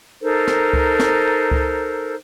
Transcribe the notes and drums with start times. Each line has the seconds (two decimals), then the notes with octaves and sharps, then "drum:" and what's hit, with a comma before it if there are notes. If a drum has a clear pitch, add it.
0.21 D#4 A4 A#4 C5
0.47 drum: snare
0.73 drum: kick C#2
0.99 drum: snare
1.51 drum: kick C#2